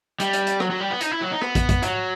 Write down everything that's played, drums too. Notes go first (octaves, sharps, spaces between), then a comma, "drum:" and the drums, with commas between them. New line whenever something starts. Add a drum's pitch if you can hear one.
G3, drum: hi-hat
drum: hi-hat
drum: hi-hat
F#3, drum: rim click
F#3
G3
B3
D#4, drum: hi-hat
E4
F#3
D#4
B3, drum: rim click
drum: kick, hi-hat
drum: kick, hi-hat
F#3, drum: hi-hat